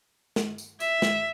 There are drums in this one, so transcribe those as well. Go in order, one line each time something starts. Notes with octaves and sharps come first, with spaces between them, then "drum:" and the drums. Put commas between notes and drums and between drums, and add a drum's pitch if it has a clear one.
drum: snare
drum: tambourine
E5, drum: tambourine
drum: snare